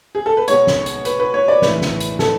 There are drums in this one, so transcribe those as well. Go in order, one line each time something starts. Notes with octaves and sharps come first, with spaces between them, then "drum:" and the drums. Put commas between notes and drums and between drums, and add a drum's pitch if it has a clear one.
G#4
A4
B4
B2 G#3 B3 C#5, drum: hi-hat
drum: snare
drum: hi-hat
B4, drum: hi-hat
B4
C#5
D5
A2 E3 G#3 B4, drum: snare
drum: snare
drum: hi-hat
A4, drum: snare